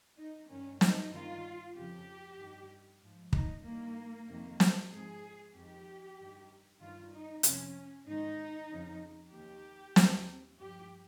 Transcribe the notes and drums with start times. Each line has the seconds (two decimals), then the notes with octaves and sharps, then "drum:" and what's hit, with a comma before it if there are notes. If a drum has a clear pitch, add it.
0.17 D#4
0.49 G2 D#3 C#4
0.81 D#4, drum: snare
1.12 G2 D#3 F4
1.75 F2 C#3 F3 G4
2.38 G2 D#3
3.02 G#2 F3
3.33 D#4, drum: kick
3.65 G2 D#3 A#3
4.28 F2 C3 D#3
4.60 drum: snare
4.91 G#2 F3 G#4
5.54 F2 D#3 G4
6.18 G2 D#3
6.80 G2 D#3 F4
7.12 D#4
7.43 F2 C3 F3 C#4, drum: hi-hat
8.07 G#2 D#3 D#4
8.69 F2 C#3 F3
9.33 D#2 D#3 G4
9.96 D#2 C#3 F3, drum: snare
10.59 G2 F3 G4